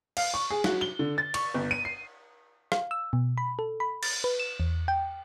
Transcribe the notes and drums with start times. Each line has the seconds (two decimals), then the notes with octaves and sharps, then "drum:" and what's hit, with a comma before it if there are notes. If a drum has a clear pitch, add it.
0.17 F5, drum: cymbal
0.34 C#6
0.50 G#4
0.64 F#4, drum: snare
0.81 G7
0.99 D3
1.18 A6
1.34 C#6, drum: cymbal
1.54 G1
1.71 D#7
1.85 C7
2.72 F5, drum: rim click
2.91 E6
3.13 B2
3.38 B5
3.59 A4
3.80 B5
4.03 A6, drum: cymbal
4.24 B4
4.40 E7
4.60 E2
4.88 G5